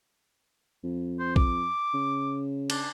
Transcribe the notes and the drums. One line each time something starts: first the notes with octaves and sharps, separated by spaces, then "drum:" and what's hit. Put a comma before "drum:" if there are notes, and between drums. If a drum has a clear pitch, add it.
F2
C5
D6, drum: kick
C#3
D4, drum: cymbal